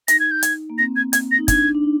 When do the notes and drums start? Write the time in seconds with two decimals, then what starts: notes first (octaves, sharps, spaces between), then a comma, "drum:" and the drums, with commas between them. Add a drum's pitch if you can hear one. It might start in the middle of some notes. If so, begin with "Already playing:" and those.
0.08 D#4 A#6, drum: hi-hat
0.20 G#6
0.31 G6
0.43 G#6, drum: hi-hat
0.70 A#3
0.78 C4 A#6
0.96 G#6
1.13 G#6, drum: hi-hat
1.31 A#6
1.38 D#4
1.48 D4 G#6, drum: kick, hi-hat
1.75 D4
1.83 D#4